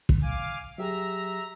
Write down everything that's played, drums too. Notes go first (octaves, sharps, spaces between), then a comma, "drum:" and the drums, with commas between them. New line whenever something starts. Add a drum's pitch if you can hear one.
drum: kick
F5 G#5 D6
F#3 G4 G#4 E5 A#5